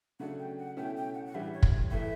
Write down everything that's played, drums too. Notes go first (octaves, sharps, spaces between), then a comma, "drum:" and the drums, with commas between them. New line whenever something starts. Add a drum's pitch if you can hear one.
C#3 F#3 A3 D4 F#5
G5
F#5
B2 A3 C#4 E4 G5
G5
F#5
F#5
A2 E3 G3 D4 E5
C#5
drum: kick
A2 E3 A3 E4 E5